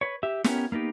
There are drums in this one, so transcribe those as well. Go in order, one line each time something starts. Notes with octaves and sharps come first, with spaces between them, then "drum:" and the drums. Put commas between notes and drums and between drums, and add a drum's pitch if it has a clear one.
B4 C#5
G4 E5
B3 C#4 G4 A#4, drum: snare
A#3 B3 D#4 G4